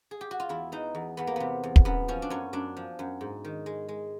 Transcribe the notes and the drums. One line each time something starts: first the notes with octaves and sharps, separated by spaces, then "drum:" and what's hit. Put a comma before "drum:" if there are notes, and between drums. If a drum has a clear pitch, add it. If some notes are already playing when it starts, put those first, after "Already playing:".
G#4
G4
F#4
F4
E2 E4
E3 D#4
E2
E2 B3
A#3
C3 B3
E2
drum: kick
F#2 B3
F3 C#4
D4
F#2 C#4
F#2 D4
F3
F#2
G#2
D#3
G#3
G#3